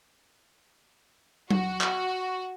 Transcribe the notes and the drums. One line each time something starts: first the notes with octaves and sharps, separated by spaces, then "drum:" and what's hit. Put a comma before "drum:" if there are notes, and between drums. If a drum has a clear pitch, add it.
F#4, drum: tom F#3
drum: clap